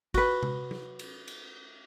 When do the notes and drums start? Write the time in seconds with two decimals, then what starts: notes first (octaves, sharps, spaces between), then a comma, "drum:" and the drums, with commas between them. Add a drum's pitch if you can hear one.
0.14 F#4 B4, drum: kick, cymbal
0.43 drum: tom C3
0.71 drum: tom F#3
0.99 drum: cymbal
1.28 drum: cymbal